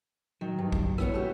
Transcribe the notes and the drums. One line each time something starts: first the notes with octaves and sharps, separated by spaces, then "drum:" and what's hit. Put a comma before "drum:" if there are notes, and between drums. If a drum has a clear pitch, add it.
D#3 F#3
G2
drum: kick
B3 E4 C#5, drum: rim click
A3 F#4 G4